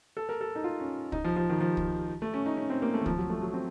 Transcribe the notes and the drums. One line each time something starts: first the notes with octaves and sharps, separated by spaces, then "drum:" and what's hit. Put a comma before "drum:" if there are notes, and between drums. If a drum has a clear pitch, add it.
A4
A#4
A4
D#4
F4
C#4
D#4, drum: kick
F3
F3
D#3
F3
drum: kick
A3
C#4
D#4
C#4
C4
A#3
A3
D#3
F3, drum: kick
F#3
A3
F#3
C4